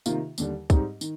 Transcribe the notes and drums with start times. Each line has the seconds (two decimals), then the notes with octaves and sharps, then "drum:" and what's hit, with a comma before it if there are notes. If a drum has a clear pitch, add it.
0.06 C3 D#3 A#3 F4, drum: tambourine
0.38 D#2 D3 G3, drum: tambourine
0.70 G#2 G3 C4 D#4 G4, drum: kick, tambourine
1.01 D#3, drum: tambourine